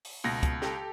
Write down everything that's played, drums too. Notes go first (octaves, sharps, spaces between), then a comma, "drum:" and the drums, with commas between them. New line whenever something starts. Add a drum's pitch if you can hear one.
drum: open hi-hat
C#2 B2 A#6
drum: kick, hi-hat
G4 A4, drum: snare